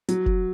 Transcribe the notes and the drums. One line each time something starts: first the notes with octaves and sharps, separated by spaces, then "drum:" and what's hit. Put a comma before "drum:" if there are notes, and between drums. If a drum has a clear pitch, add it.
F#3, drum: hi-hat
drum: kick